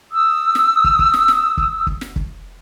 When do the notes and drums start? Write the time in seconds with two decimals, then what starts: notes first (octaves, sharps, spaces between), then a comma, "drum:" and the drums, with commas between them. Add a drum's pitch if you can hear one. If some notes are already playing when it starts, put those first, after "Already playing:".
0.11 D#6 E6
0.55 drum: snare
0.84 drum: kick
0.99 drum: kick
1.14 drum: snare
1.28 drum: snare
1.57 drum: kick
1.87 drum: kick
2.01 drum: snare
2.16 drum: kick